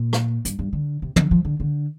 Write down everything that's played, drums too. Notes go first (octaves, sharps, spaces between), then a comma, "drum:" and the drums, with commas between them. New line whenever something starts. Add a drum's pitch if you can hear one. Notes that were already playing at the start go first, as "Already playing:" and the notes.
Already playing: A#2
drum: rim click
G2, drum: hi-hat
G2
D3
C3
D3, drum: tom
F3
D3
D3